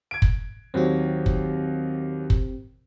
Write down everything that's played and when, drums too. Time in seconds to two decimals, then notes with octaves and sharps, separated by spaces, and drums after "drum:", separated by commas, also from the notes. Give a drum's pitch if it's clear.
0.11 G#6 D7
0.22 drum: kick
0.74 D#2 F#3 C4 G4
1.26 drum: kick
2.30 drum: kick